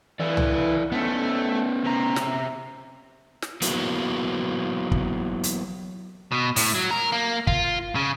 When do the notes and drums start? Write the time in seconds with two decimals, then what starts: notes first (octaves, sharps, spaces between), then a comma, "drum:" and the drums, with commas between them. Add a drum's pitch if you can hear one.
0.20 E3 E4 A4 D5
0.37 drum: tom C2
0.92 A3 B3 C#4
1.85 C3 A#5
2.16 drum: snare
3.42 drum: snare
3.62 E3 F#3 A#3 B3, drum: hi-hat
4.91 drum: kick
5.43 drum: hi-hat
6.32 B2
6.56 A2, drum: open hi-hat
6.74 F#3
6.91 A#4
7.12 A#3
7.47 F4, drum: kick
7.95 C#3